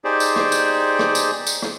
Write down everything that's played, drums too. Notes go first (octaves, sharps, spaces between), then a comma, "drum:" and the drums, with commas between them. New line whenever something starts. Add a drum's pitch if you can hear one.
D#4 G4 G#4 C5 D5
drum: tambourine
drum: rim click
drum: tambourine
drum: rim click
drum: tambourine
drum: tambourine
drum: rim click